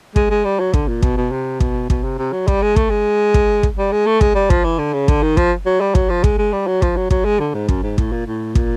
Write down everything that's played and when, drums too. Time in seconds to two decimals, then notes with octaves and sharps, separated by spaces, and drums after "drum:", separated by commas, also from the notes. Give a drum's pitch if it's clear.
0.16 G#3, drum: kick
0.30 G#3
0.45 G3
0.60 F#3
0.74 D3, drum: kick
0.88 A#2
1.02 B2, drum: kick
1.17 B2
1.32 C3
1.60 B2, drum: kick
1.90 B2, drum: kick
2.04 C3
2.19 C3
2.33 F#3
2.48 G3, drum: kick
2.62 G#3
2.76 A3, drum: kick
2.91 G#3
3.34 drum: kick
3.63 drum: kick
3.78 G3
3.92 G#3
4.07 A3
4.21 G#3, drum: kick
4.35 G3
4.50 F3, drum: kick
4.65 E3
4.79 D3
4.94 C#3
5.08 D3, drum: kick
5.23 D#3
5.37 F3, drum: kick
5.66 F#3
5.81 G3
5.95 F#3, drum: kick
6.10 F3
6.24 G#3, drum: kick
6.38 G#3
6.53 G3
6.67 F#3
6.82 F3, drum: kick
6.97 F#3
7.11 F#3, drum: kick
7.25 G#3
7.40 D3
7.54 G#2
7.69 F#2, drum: kick
7.83 G#2
7.98 A2, drum: kick
8.12 A#2
8.27 A2
8.55 A#2, drum: kick